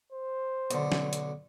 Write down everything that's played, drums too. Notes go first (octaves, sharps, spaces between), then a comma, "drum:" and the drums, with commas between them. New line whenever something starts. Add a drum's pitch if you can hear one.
C5
B1 D3, drum: hi-hat
drum: snare
drum: hi-hat